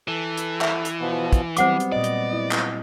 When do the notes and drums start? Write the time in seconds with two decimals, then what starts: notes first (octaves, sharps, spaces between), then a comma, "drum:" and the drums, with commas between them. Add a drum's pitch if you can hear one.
0.08 E3 A4
0.37 drum: hi-hat
0.61 E5, drum: clap
0.85 drum: hi-hat
1.00 B2 F3 B3
1.33 drum: kick, hi-hat
1.57 F#3 G3 B3 C4 C5 F#5 D6, drum: hi-hat
1.80 drum: hi-hat
1.92 A#2 D5 D#5
2.04 drum: hi-hat
2.33 E4
2.51 drum: clap